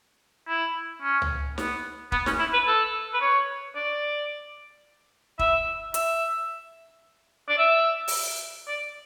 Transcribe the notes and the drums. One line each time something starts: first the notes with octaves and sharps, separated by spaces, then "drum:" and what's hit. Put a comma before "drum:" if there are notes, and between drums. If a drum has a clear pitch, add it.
E4
C#4
drum: tom C#2
B3, drum: snare
B3, drum: kick
C#4, drum: snare
E4
B4
A4
B4
C#5
D5
E5, drum: kick
E5, drum: hi-hat
D5
E5
drum: open hi-hat
D5